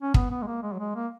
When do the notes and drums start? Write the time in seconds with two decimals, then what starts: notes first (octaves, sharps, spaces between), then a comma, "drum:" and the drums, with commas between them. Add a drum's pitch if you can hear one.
0.02 C#4
0.14 B3, drum: kick
0.30 B3
0.42 G#3
0.47 A#3
0.62 G#3
0.72 F#3
0.79 G#3
0.95 A#3